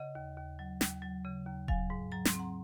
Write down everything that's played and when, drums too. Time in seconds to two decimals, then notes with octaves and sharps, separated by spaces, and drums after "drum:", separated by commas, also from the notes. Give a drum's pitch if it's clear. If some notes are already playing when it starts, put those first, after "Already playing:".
Already playing: C#3 D#5 F#5
0.15 D#2
0.38 D#2
0.59 F#3
0.81 D#2, drum: snare
1.02 F#3
1.25 C#3
1.46 D#2
1.68 F#3 F5 G#5, drum: kick D#1
1.90 G#2
2.12 F#3 A#5
2.25 C6, drum: snare
2.33 C4
2.39 F#5 A#5